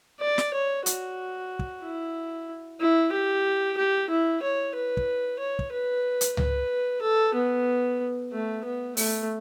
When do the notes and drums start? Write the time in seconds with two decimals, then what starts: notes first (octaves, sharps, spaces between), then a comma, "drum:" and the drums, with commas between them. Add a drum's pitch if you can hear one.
0.20 D5
0.38 drum: snare
0.54 C#5
0.86 F#4, drum: hi-hat
1.59 drum: kick
1.83 E4
2.80 E4
3.12 G4
3.77 G4
4.10 E4
4.43 C#5
4.75 B4
4.97 drum: kick
5.40 C#5
5.59 drum: kick
5.72 B4
6.21 drum: hi-hat
6.37 B4, drum: tom C#2
7.02 A4
7.34 B3
8.32 A3
8.64 B3
8.97 A3, drum: open hi-hat